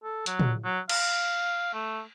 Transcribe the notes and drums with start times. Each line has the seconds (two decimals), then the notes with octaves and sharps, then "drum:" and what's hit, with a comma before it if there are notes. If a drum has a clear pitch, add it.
0.03 A4
0.26 F#3, drum: hi-hat
0.39 drum: tom
0.64 F#3
0.89 F5, drum: cymbal
1.74 A3